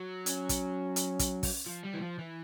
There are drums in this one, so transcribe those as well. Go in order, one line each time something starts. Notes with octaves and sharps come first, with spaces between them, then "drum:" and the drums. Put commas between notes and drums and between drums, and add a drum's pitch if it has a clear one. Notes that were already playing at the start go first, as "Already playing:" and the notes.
Already playing: F#3
C#4, drum: hi-hat
drum: kick, hi-hat
drum: hi-hat
drum: kick, hi-hat
drum: kick, open hi-hat
F3
G3
E3
F3
E3